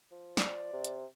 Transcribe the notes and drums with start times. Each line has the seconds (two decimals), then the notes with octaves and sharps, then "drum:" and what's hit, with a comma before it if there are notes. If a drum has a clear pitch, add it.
0.11 F3
0.37 D5, drum: snare
0.73 C3
0.84 drum: hi-hat